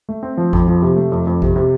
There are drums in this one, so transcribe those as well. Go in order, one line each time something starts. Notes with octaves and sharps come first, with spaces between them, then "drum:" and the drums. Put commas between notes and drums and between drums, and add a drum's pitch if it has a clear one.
A3
C4
F3
F2, drum: kick
F3
C3
A3
F2
F2
C3, drum: kick
C3